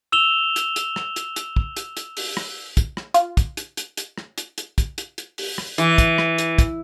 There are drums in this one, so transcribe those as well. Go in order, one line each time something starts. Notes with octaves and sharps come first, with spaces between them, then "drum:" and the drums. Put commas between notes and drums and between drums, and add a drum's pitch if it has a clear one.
E6 E7 F7 G7
drum: hi-hat
drum: hi-hat
drum: rim click
drum: hi-hat
drum: hi-hat
drum: kick
drum: hi-hat
drum: hi-hat
drum: open hi-hat
drum: rim click
drum: kick, hi-hat
drum: rim click
F4, drum: hi-hat
drum: kick, hi-hat
drum: hi-hat
drum: hi-hat
drum: hi-hat
drum: rim click
drum: hi-hat
drum: hi-hat
drum: kick, hi-hat
drum: hi-hat
drum: hi-hat
drum: open hi-hat
drum: rim click
E3, drum: hi-hat
drum: kick, hi-hat
drum: rim click
drum: hi-hat
drum: kick, hi-hat